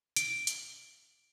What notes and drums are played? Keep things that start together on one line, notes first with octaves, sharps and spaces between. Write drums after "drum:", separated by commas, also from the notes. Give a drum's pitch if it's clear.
D7, drum: hi-hat
drum: hi-hat